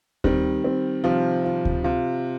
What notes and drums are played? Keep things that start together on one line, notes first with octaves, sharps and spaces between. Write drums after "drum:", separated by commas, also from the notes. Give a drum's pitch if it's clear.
D#3 G3 C4, drum: kick D2
C4
C3 F3 F4
F4
drum: kick D2
C3 F4